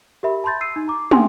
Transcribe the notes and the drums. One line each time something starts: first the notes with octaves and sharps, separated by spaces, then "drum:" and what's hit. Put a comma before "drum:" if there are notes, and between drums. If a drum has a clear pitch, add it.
G4 A#4 E5 B5
A5 B5 C6 G6 A6
E6 C7 D#7
D#4
A#5 D6
G5 G#5 C6, drum: tom